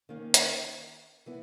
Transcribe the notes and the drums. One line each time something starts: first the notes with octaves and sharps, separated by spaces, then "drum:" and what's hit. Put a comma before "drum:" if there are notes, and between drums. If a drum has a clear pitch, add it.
D#3 A#3 C#4
drum: hi-hat
E3 B3 E4